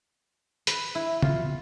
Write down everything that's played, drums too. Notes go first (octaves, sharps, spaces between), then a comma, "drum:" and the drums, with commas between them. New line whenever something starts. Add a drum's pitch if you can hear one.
B4, drum: hi-hat
E4
F4, drum: tom